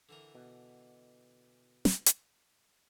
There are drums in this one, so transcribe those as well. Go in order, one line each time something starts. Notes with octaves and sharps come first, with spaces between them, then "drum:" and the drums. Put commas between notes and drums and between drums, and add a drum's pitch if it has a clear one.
D3 E3 A#4
B2
drum: snare
drum: hi-hat